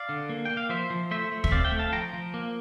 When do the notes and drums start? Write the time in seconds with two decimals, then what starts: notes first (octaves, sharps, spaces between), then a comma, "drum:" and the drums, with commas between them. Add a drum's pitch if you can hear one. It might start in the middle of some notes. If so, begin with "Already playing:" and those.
Already playing: D5 F5
0.09 D3
0.29 A#3
0.45 A#3 G5
0.57 F5
0.69 F3 C5 E5
0.90 F3
1.11 A3 C5 E5
1.32 A3
1.44 E5, drum: kick
1.51 C4 D5 F5
1.65 E5 G5
1.71 A3
1.79 F5 A5
1.92 F3 G5 A#5
2.13 F3
2.34 A#3